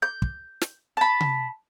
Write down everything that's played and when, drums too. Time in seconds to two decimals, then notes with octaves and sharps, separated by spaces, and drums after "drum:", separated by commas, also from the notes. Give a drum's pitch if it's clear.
0.02 G6
0.22 drum: kick
0.61 drum: snare
0.97 A5 B5
1.21 drum: tom C3